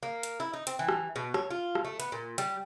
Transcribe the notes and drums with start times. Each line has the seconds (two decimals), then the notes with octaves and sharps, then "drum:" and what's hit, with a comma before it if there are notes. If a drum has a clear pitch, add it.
0.03 A#3
0.23 drum: hi-hat
0.40 E4
0.53 D#4
0.67 C4, drum: hi-hat
0.79 E3
0.89 drum: rim click
1.16 B2
1.34 C#5, drum: rim click
1.51 F4
1.75 drum: rim click
1.85 A3
2.00 B3, drum: hi-hat
2.12 A#2
2.38 G3, drum: hi-hat